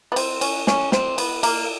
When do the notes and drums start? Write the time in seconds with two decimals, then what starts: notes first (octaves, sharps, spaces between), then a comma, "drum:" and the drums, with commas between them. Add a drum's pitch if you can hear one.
0.12 B3
0.16 C4, drum: cymbal
0.41 C#4, drum: cymbal
0.67 C#4, drum: snare
0.92 C4, drum: snare
1.18 B3, drum: cymbal
1.43 A#3, drum: cymbal